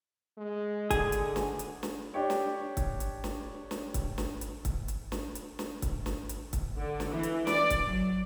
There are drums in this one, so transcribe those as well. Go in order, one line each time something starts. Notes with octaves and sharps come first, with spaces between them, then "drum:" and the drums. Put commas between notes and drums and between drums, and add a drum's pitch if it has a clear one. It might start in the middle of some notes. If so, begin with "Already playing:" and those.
G#3
D3 G#4, drum: kick, hi-hat
drum: hi-hat
drum: snare
drum: hi-hat
drum: snare
D4 G4 C#5
drum: snare
drum: kick, hi-hat
drum: hi-hat
drum: snare
drum: snare
drum: kick, hi-hat
drum: snare
drum: hi-hat
drum: kick, hi-hat
drum: hi-hat
drum: snare
drum: hi-hat
drum: snare
drum: kick, hi-hat
drum: snare
drum: hi-hat
drum: kick, hi-hat
D3
drum: snare
E3
drum: hi-hat
D5, drum: snare
drum: kick, hi-hat
F#3